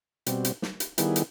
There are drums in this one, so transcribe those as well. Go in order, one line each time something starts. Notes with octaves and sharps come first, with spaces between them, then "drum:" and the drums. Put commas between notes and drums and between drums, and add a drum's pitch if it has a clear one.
B2 G3 C4, drum: hi-hat
drum: hi-hat
drum: snare
drum: hi-hat
D#3 G3 B3 E4 G#4, drum: hi-hat
drum: hi-hat